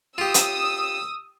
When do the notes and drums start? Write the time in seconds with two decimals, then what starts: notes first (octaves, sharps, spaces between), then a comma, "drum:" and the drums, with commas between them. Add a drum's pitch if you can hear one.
0.18 F4 G4 D#6 E6
0.34 drum: hi-hat